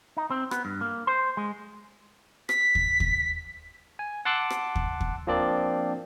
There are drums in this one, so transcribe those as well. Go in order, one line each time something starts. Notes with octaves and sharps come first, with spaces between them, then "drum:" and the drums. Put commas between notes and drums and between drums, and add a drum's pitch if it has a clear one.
D#4
C4
B3, drum: rim click
G2
A#3
C5
G#3
B6, drum: rim click
drum: kick
drum: kick
G#5
F#5 A5 C6 D6 E6 F#6
drum: rim click
drum: kick
drum: kick
F3 A#3 C4 D4 D5